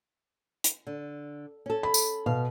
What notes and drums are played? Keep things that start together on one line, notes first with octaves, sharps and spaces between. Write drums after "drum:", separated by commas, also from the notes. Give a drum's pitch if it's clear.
drum: hi-hat
D3
C#4 A4
B5
drum: tambourine
B2 F5